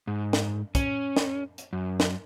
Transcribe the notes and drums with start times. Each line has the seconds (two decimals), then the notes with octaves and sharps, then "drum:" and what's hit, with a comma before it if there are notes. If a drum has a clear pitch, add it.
0.07 G#2
0.33 drum: snare
0.75 C#4, drum: kick, hi-hat
1.16 drum: snare
1.58 drum: hi-hat
1.73 F#2
2.00 drum: snare